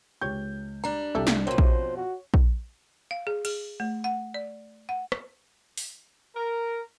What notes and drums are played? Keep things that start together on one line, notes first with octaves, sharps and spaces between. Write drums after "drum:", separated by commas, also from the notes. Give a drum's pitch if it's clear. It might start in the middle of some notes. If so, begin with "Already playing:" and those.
C#2 G4 C#5 G6
G3 D4 A#5
C2 G4 A4 E5
drum: snare
F2 B2 F#3 A#3 C4 C5 C#5
drum: kick A#1
F#4
drum: kick A#1
F5
G#4
G#4, drum: cymbal
A3
F#5
D5
F#5
drum: rim click
drum: open hi-hat
A#4